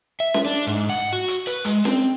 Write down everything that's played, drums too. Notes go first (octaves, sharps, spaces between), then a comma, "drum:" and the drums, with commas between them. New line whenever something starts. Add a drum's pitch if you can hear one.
E5
drum: snare C#4
D4
G#2
F#5, drum: open hi-hat
F#4
drum: hi-hat
B4, drum: hi-hat
G#3, drum: hi-hat
C4, drum: snare C#4